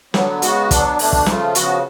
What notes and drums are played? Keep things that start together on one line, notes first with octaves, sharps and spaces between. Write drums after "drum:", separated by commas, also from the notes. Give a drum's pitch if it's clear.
D3 F#3 B3, drum: snare
C#3 G#3 B3 F#4, drum: hi-hat
F#3 B3 D4, drum: kick, hi-hat
B2 A3 D4, drum: open hi-hat
drum: kick
C#3 F3 A3 F4, drum: snare
C#3 F3 B3 F#4, drum: hi-hat